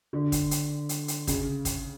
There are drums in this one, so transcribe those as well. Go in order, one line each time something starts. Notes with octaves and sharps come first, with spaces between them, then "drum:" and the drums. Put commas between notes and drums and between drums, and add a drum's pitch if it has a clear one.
D3
drum: kick, hi-hat
drum: hi-hat
drum: hi-hat
drum: hi-hat
C#3, drum: kick, hi-hat
drum: kick, hi-hat